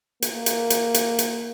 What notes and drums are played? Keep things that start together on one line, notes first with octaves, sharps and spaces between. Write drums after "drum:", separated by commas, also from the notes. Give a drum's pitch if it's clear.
A#3, drum: hi-hat
drum: hi-hat
drum: hi-hat
drum: hi-hat
drum: hi-hat